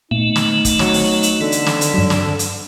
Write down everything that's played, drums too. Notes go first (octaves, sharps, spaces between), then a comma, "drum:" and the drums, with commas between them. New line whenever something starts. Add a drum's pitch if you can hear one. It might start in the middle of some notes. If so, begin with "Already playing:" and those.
A#2 A3 B3 D#4
drum: snare
drum: kick, hi-hat
F#3, drum: snare
drum: open hi-hat
drum: hi-hat
D3 E3
drum: hi-hat
drum: snare
drum: hi-hat
G2 F#3
drum: snare
drum: hi-hat